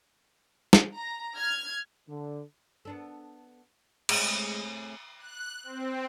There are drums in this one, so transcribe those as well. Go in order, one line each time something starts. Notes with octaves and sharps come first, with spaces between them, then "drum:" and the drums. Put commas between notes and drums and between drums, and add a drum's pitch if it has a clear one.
drum: snare
A#5
F6 G#6
D3
B3 D4 A4
A2 C3 G#3 G#4, drum: cymbal
F#6
C4